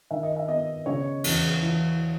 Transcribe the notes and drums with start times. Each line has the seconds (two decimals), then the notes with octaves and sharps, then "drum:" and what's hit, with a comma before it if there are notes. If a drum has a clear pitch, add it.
0.11 D#3 E5
0.23 D#5
0.36 E5
0.48 B3 D#5
0.86 C#3 C#5
1.24 E2, drum: cymbal
1.62 E3